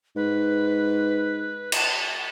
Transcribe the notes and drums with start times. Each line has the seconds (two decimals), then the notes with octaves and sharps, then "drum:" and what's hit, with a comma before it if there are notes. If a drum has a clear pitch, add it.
0.16 G#2 B4
1.72 drum: cymbal